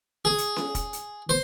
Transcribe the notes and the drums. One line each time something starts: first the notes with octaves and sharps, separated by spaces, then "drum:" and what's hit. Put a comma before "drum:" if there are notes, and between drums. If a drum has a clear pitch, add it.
G#4
drum: hi-hat
drum: snare C#4
drum: kick, hi-hat
drum: hi-hat
C5